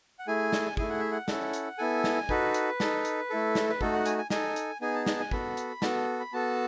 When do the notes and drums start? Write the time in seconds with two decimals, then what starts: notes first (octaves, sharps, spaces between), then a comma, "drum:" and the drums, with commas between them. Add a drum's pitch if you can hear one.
0.19 F#5
0.27 A3 E4 G#4 G#5
0.53 drum: snare
0.77 A3 E4 G#4 G#5, drum: kick
0.89 F#5
0.99 E5
1.12 F#5
1.28 C#4 E4 A4, drum: snare
1.53 drum: hi-hat
1.78 B3 E4 A4 G#5
2.04 drum: snare
2.29 D#4 F#4 A4 B4, drum: kick
2.54 drum: hi-hat
2.80 D#4 A4, drum: snare
3.05 drum: hi-hat
3.30 A3 E4 A4
3.55 drum: snare
3.70 B4
3.81 A3 D#4 F#4 A4, drum: kick
3.93 F#5
4.06 G#5, drum: hi-hat
4.18 G#5
4.30 D#4 A4 G#5, drum: snare
4.56 drum: hi-hat
4.81 B3 D#4 G#4 G#5
4.95 A5
5.06 A5, drum: snare
5.20 G#5
5.31 B3 F#4 A4 B5, drum: kick
5.57 drum: hi-hat
5.82 B3 F#4 A4 A5, drum: snare
6.20 B5
6.33 B3 F#4 A4 A5